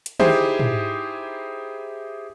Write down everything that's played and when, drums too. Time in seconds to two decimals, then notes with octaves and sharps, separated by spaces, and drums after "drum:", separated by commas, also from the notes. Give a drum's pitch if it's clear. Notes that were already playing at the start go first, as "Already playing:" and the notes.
0.06 drum: hi-hat
0.20 D#4 E4 G4 G#4 C5 E5, drum: tom
0.59 drum: tom